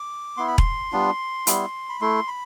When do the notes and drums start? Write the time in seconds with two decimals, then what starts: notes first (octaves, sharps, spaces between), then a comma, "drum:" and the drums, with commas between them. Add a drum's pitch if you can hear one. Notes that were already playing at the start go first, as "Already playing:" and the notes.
Already playing: D6
0.37 B3 E4 C6
0.48 B5
0.58 C6, drum: kick E1
0.92 G3 B3 D4 F4
1.47 G3 B3 E4, drum: hi-hat
1.89 B5
2.01 A3 E4 C6
2.28 B5